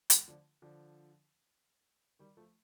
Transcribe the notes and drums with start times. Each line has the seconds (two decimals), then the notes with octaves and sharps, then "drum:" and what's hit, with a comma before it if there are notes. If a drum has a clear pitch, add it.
0.10 F3 A3, drum: hi-hat
0.28 D3 F3
0.62 D3 F3
2.19 D#3 G3
2.37 F3 A3